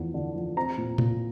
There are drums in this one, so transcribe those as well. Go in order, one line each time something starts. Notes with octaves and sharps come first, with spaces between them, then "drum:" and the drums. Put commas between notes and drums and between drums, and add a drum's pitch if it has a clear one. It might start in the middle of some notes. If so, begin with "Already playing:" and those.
Already playing: E2 F3
D3
F3
C4 A#5
A#2
A#2, drum: tom A2